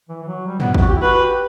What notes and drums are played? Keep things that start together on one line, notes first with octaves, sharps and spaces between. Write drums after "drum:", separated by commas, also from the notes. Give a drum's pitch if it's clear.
E3
E3
F#3
G3
B3, drum: tom
B3, drum: kick
F#4
G4
E4
F#4 B4
G4